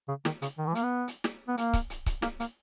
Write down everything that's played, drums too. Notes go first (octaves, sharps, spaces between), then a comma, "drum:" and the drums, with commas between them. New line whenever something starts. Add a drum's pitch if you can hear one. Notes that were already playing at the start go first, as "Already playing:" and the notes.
C#3
D#3, drum: snare
C#3, drum: hi-hat
D#3
E3
A#3, drum: hi-hat
B3
drum: hi-hat
drum: snare
B3
A#3, drum: hi-hat
drum: kick C#1, hi-hat
drum: hi-hat
drum: kick C#1, hi-hat
A#3, drum: snare
A#3, drum: hi-hat